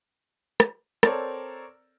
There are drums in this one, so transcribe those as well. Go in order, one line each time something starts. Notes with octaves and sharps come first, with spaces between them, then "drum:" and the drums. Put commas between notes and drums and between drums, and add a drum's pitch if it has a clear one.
drum: rim click
C4 A4 A#4 C#5 D5, drum: rim click